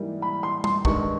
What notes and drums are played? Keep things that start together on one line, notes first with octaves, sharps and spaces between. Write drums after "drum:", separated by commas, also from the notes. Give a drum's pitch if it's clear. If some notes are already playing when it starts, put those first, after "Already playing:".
Already playing: G#2 E3 G3 A#3
B5
C6
C6, drum: tom
G2 D#3 G#3 C#6, drum: kick